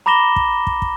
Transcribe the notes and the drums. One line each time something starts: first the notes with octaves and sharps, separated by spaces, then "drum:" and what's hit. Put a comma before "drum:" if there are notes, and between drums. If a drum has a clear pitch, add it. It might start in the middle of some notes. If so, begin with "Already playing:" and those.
A#5 B5 D6 A#6 E7 G7
drum: kick
drum: kick
drum: kick